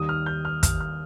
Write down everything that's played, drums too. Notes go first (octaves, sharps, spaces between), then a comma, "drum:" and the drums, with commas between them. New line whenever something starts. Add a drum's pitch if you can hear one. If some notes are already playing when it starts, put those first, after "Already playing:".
Already playing: D#2 D#3 G3 D#6
F6
G6
F6
F6, drum: kick, hi-hat
F6